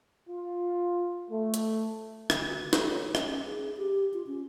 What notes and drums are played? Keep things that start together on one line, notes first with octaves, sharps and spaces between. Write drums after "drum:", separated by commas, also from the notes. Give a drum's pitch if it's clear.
F4
A3
drum: hi-hat
D3, drum: rim click
F#4
A4, drum: snare
C#5
C#4, drum: rim click
G#4
G4
F4
C#4